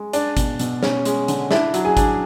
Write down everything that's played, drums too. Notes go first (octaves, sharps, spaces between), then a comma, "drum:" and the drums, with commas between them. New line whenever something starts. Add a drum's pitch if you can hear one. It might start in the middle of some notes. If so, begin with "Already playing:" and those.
Already playing: G#3
D4 D5, drum: hi-hat
B2, drum: kick, hi-hat
B2, drum: hi-hat
C#4, drum: snare
G#3, drum: hi-hat
D3, drum: hi-hat
D4 E4 E5, drum: snare
F#3, drum: hi-hat
G#4 G#5
D4, drum: kick, hi-hat